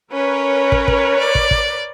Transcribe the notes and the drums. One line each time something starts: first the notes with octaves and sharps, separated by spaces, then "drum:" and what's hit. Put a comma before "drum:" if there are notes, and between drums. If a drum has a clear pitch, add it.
C#4 A#4 B4 C#5
drum: kick
drum: kick
D5
drum: kick
drum: kick